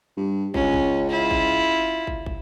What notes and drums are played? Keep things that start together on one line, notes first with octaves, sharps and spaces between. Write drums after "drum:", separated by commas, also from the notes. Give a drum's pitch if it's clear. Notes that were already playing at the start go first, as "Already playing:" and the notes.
G2
C#2 C#4, drum: kick
drum: kick
E4 F4
drum: kick
drum: kick
drum: kick